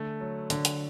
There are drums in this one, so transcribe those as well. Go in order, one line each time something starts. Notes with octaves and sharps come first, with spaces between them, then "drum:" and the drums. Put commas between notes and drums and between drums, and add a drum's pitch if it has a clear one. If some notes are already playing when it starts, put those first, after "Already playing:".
Already playing: D3 A3
F#3
D3, drum: hi-hat
drum: hi-hat